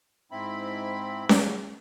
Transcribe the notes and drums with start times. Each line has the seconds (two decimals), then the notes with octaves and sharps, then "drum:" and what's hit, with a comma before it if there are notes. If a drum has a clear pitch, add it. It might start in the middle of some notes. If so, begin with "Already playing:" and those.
0.31 G#2 C4 E4 B5
1.29 drum: snare C#4